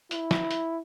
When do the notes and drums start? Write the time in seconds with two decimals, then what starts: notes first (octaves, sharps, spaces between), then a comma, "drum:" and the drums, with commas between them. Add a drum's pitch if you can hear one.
0.11 E4, drum: hi-hat
0.31 drum: snare
0.51 drum: hi-hat